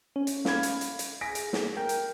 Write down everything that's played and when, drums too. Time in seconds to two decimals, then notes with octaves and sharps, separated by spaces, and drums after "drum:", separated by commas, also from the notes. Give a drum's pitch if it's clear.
0.16 C#4
0.27 drum: hi-hat
0.45 F5 B5 G#6, drum: snare
0.63 drum: hi-hat
0.81 drum: hi-hat
0.99 drum: hi-hat
1.21 G#4 A#6 B6 D7
1.35 drum: hi-hat
1.53 drum: snare
1.77 A#4 G5
1.89 drum: hi-hat